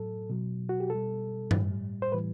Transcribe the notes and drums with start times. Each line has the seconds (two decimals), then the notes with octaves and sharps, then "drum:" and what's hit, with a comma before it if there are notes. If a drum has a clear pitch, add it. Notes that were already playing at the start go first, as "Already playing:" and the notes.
Already playing: A2 F#3 A4
0.30 B2 F#3
0.69 F#4
0.80 G4
0.90 B2 A4
0.95 G3
1.51 A2 G3, drum: tom G2
2.02 C5
2.12 A2 E3 G3 B4